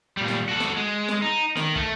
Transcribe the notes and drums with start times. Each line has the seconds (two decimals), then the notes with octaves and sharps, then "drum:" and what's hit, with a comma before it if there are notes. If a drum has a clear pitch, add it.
0.17 A#2 G3
0.28 drum: snare
0.49 F#4 A4
0.60 drum: snare
0.76 G#3
1.08 drum: snare
1.22 D#4
1.57 D#3, drum: snare
1.75 A3, drum: kick